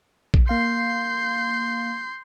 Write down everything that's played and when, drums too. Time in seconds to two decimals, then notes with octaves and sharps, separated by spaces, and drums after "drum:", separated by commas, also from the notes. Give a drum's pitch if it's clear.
0.34 drum: kick A#1
0.48 A#3 F5 C6 G6 C7